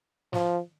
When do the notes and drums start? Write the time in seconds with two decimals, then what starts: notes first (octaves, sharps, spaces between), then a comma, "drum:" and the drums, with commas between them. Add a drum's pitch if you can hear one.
0.33 F3, drum: snare